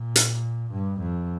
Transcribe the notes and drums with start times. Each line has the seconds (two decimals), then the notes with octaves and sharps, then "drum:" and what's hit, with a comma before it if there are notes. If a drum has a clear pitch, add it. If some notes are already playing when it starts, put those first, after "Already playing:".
Already playing: A#2
0.16 drum: hi-hat
0.72 G2
1.01 F2